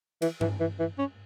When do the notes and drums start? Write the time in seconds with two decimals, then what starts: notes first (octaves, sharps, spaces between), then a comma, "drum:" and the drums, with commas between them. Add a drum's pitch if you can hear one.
0.22 E3, drum: cymbal
0.41 E3, drum: tom G2
0.60 E3
0.79 E3
0.99 C#4